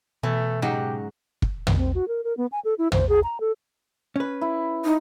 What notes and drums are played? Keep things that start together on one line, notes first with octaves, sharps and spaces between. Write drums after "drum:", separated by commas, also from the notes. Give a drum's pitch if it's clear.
B2 E3 A3
G#2 C#3 F#3 D#4 G4
drum: kick
drum: tom
C4
F#4
A#4
A#4
B3
G#5
A4
E4
C5, drum: tom
G#4
A#5
A4
C#4 B4
E4
D#4